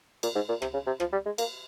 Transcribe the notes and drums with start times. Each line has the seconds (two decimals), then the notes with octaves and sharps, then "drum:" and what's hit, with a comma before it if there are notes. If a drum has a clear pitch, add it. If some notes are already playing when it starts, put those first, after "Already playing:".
0.23 A#2, drum: cymbal
0.35 G#2
0.49 A#2
0.62 C3, drum: rim click
0.73 C#3
0.87 C3
1.00 F3, drum: rim click
1.12 G3
1.25 G#3
1.38 A#3, drum: cymbal